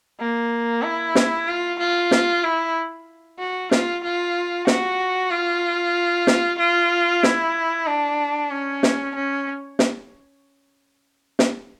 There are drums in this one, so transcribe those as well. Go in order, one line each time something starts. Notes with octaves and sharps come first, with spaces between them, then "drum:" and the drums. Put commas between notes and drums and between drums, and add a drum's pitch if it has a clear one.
A#3
E4
drum: snare
F4
F4
drum: snare
E4
F#4
F4, drum: snare
F4
F#4, drum: snare
F4
drum: snare
F4
E4, drum: snare
D4
C#4
drum: snare
C#4
drum: snare
drum: snare